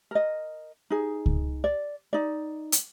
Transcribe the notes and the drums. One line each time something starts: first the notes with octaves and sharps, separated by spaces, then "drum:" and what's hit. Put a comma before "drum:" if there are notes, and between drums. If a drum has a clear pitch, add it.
A#4 D#5
D#4 G#4
drum: kick C#2
D5
D#4 D5
drum: hi-hat